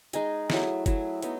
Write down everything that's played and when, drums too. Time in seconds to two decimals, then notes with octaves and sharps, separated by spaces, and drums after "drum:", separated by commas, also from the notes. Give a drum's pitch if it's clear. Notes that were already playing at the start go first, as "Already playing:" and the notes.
0.13 G#3 D#4 G#4 D#5, drum: hi-hat
0.50 F#3 A3 E4 G#4, drum: snare
0.86 F#3 A3 E4 G#4, drum: kick F#1, hi-hat
1.22 F#3 B3 D#4, drum: hi-hat